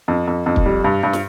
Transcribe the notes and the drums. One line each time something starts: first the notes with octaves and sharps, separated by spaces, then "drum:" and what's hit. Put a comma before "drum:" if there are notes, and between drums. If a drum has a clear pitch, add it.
F2
F2
F2
drum: kick
G3
G2
G2
drum: snare